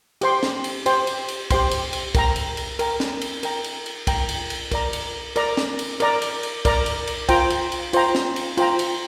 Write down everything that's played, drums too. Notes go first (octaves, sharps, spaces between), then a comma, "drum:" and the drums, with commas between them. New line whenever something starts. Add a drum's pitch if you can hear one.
G4 C5 G5 C6, drum: cymbal
drum: snare
drum: cymbal
G4 C5 G5 C6, drum: cymbal
drum: cymbal
drum: cymbal
G4 C5 G5 C6, drum: kick, cymbal
drum: cymbal
drum: cymbal
A#4 G5 A#5, drum: kick, cymbal
drum: cymbal
drum: cymbal
A#4 G5 A#5, drum: cymbal
drum: snare
drum: cymbal
A#4 G5 A#5, drum: cymbal
drum: cymbal
drum: cymbal
A#4 G5 A#5, drum: kick, cymbal
drum: cymbal
drum: cymbal
A#4 D5 A#5, drum: kick, cymbal
drum: cymbal
A#4 D5 A#5, drum: cymbal
drum: snare
drum: cymbal
A#4 D5 A#5, drum: cymbal
drum: cymbal
drum: cymbal
A#4 D5 A#5, drum: kick, cymbal
drum: cymbal
drum: cymbal
F4 C5 G5 A#5, drum: kick, cymbal
drum: cymbal
drum: cymbal
F4 C5 G5 A#5, drum: cymbal
drum: snare
drum: cymbal
F4 C5 G5 A#5, drum: cymbal
drum: cymbal